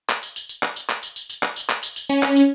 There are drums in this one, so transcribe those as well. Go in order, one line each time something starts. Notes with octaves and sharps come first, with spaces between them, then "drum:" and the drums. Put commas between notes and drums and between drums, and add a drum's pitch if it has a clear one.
drum: clap
drum: tambourine
drum: tambourine
drum: tambourine
drum: clap
drum: tambourine
drum: clap
drum: tambourine
drum: tambourine
drum: tambourine
drum: clap
drum: tambourine
drum: clap
drum: tambourine
drum: tambourine
C#4, drum: tambourine
drum: clap
drum: tambourine